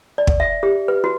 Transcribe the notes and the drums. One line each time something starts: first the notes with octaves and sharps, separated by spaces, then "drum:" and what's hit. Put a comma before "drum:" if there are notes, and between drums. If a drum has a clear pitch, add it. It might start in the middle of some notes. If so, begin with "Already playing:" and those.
D5
drum: kick
E5
G4
B4
F#4